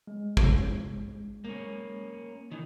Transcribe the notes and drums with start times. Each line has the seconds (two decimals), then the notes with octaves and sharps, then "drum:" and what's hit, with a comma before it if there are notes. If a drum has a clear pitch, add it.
0.07 G#3
0.37 drum: kick G#1
1.45 A#3 C#4
2.51 D#3 E3